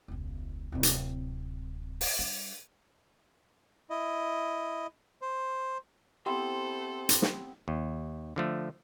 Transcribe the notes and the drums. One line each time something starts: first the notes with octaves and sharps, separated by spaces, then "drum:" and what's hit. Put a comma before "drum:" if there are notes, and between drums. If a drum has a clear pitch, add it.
E1 C#2
D1 C3
drum: hi-hat
drum: open hi-hat
G3 D4
E4 D#5
C5
B3 C4 E4 G4 A4 C5 C6
drum: hi-hat
drum: snare
D#2
D3 F3 A3